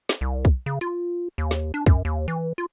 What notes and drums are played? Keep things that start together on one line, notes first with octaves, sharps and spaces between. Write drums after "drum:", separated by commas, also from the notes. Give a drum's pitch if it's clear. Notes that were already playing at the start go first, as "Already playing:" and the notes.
drum: snare
C2
drum: kick, hi-hat
C#3
F4, drum: hi-hat
D#2
drum: snare
D4
F#2, drum: kick, hi-hat
D#2
E3
F4